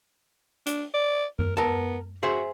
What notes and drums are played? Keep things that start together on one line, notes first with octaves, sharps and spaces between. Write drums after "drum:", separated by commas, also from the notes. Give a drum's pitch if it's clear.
D4, drum: hi-hat
D5
A#4, drum: tom F#2
B3 A#4 A5
F#4 G#4 C5 E5